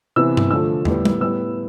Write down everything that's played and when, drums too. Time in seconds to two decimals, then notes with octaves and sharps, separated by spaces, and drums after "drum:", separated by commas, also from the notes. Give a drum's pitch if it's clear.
0.16 C3 E3 B3 E6
0.37 drum: tom G2
0.50 D3 F3 A3 E6
0.85 A2 G3 B3, drum: tom
1.05 drum: tom G3
1.20 A2 G3 B3 E6